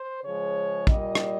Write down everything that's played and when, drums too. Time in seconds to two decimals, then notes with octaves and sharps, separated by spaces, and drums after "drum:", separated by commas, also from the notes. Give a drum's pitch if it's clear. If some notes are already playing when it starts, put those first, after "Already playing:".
Already playing: C5
0.24 C#3 F3 G#3 C#5
0.87 A#2 G3 D#5, drum: kick
1.15 drum: rim click